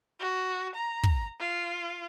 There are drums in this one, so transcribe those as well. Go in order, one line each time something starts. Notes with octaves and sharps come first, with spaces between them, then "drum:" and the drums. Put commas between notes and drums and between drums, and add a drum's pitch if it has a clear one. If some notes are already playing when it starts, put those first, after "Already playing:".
F#4
A#5
drum: kick
F4